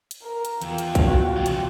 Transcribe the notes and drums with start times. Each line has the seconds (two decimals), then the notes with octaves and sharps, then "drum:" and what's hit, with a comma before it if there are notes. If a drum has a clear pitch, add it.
0.11 drum: hi-hat
0.23 A#4
0.45 drum: hi-hat
0.62 E2 F4 G5, drum: hi-hat
0.78 drum: hi-hat
0.95 drum: kick, hi-hat
1.07 F#4
1.36 E2 C3
1.46 drum: hi-hat